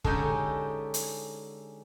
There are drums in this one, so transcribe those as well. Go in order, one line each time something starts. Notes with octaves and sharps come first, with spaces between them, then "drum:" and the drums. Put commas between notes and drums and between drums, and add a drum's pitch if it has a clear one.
D3 G#3 C#4 D#4 G4 A4, drum: kick
drum: hi-hat